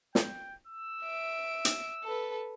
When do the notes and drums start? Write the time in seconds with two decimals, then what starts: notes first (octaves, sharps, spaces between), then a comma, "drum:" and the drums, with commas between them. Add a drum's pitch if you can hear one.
0.15 G5, drum: snare
0.67 E6
1.03 E5 D7
1.65 drum: hi-hat
2.04 A4 B4